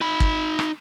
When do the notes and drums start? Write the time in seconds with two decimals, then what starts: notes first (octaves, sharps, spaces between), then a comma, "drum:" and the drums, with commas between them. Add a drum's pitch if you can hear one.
0.01 D#4 B5
0.20 drum: kick
0.59 drum: rim click